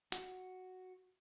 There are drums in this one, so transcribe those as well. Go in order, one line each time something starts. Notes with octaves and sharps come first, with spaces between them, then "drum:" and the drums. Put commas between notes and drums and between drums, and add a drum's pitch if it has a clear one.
F#4, drum: hi-hat